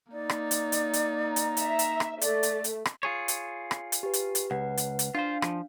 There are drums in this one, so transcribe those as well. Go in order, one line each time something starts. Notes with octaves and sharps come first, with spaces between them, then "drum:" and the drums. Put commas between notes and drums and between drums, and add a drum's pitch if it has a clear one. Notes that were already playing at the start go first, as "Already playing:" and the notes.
A#3 D#4 D5
drum: rim click
drum: hi-hat
drum: hi-hat
drum: hi-hat
A#5
drum: hi-hat
E5, drum: hi-hat
drum: hi-hat
drum: rim click
A3 D5, drum: hi-hat
drum: hi-hat
drum: hi-hat
drum: rim click
F4 G#4 C#5 C#7
drum: hi-hat
drum: rim click
drum: hi-hat
G4 B4
drum: hi-hat
drum: hi-hat
C#2 B4 F#5
drum: hi-hat
drum: hi-hat
D4 F4 C5 F5
F3, drum: rim click